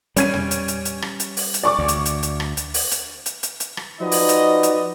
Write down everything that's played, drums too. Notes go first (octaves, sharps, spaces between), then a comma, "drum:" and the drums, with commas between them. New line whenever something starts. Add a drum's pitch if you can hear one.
G3 C#4 G#6 D#7, drum: hi-hat
drum: tom
drum: hi-hat
drum: hi-hat
drum: hi-hat
drum: rim click
drum: hi-hat
drum: open hi-hat
drum: hi-hat
D5 C#6 D6
D2
drum: hi-hat
drum: hi-hat
drum: hi-hat
drum: rim click
drum: hi-hat
drum: open hi-hat
drum: hi-hat
drum: hi-hat
drum: hi-hat
drum: hi-hat
drum: rim click
F3 D#4 F#4 B4 D5 D#5
drum: open hi-hat
drum: hi-hat
drum: hi-hat